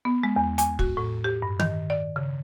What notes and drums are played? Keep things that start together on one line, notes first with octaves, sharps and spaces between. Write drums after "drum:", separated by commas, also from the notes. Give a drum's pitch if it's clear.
B3
G#3
E2
G#5, drum: hi-hat
F#4, drum: kick
A2
G4
G2
D#3, drum: tom
D5
C#3